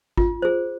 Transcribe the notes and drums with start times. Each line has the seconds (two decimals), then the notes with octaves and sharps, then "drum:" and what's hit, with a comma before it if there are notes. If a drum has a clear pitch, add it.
0.17 F4, drum: kick G#1
0.42 G#4 C5